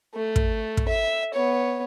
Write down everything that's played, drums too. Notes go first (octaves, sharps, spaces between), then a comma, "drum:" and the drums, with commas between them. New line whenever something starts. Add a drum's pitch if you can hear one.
A3
drum: kick
drum: kick
E5
B3 C#5